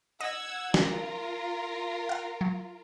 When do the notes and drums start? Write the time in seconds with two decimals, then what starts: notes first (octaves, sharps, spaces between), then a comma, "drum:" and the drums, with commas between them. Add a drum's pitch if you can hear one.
0.21 D#5 F#5 E6 G#6
0.74 F4 A#4, drum: snare
2.09 F5 F#5
2.41 F#3